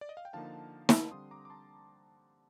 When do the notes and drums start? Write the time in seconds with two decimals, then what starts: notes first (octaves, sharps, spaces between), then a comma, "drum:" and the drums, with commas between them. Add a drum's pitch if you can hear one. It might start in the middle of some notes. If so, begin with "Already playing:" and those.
0.01 D5
0.09 D#5
0.17 F5
0.25 G5
0.33 D3 F3 A#3 D#4 F5 A5
0.89 drum: snare
1.11 D3 G3 C4 C6 D#6
1.31 A#5 D6
1.45 D6
1.50 A5 C6